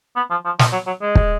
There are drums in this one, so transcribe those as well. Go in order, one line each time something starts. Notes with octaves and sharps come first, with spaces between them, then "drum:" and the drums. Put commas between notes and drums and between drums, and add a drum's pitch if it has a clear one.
B3
F3
F3
F3, drum: snare
F#3
F#3
G#3
drum: kick